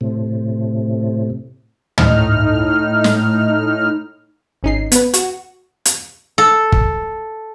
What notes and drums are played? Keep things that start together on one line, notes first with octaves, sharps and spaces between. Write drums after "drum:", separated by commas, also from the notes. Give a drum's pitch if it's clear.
A2 C3
A2 D#4 F6, drum: tom
drum: snare
G#1 C#4 D#4 C7
B3 B4, drum: hi-hat
F#4, drum: hi-hat
drum: hi-hat
A4
drum: kick